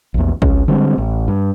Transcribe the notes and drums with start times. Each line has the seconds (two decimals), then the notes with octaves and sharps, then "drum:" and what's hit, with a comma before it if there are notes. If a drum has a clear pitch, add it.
0.14 A#1 E2
0.42 C#2 C#4, drum: kick
0.68 D3 G3 G#3 C4
0.98 A1
1.28 G2